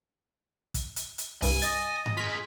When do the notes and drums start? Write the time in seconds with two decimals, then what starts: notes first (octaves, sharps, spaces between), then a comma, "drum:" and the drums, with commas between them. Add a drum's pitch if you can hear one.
0.74 drum: kick, hi-hat
0.96 drum: hi-hat
1.18 drum: hi-hat
1.42 C2 G2 G#5, drum: open hi-hat
1.62 D#5 A6, drum: hi-hat
2.06 drum: tom G2
2.17 F4 G#4 B6